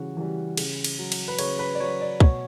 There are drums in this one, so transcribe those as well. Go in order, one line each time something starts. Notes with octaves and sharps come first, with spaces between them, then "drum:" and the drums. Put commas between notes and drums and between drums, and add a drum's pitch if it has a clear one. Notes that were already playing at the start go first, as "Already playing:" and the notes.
Already playing: C#3 E3 G3 F#4
E3 G3
C#3, drum: cymbal
drum: cymbal
F#3
drum: cymbal
B4
C#3 C#5, drum: cymbal
B4
D5
F#3 C#5
D5
B2 C#5, drum: kick